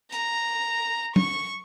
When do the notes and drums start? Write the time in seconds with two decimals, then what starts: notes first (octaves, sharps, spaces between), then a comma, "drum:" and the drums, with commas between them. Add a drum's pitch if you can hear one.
0.12 A#5, drum: hi-hat
1.16 C#6, drum: tom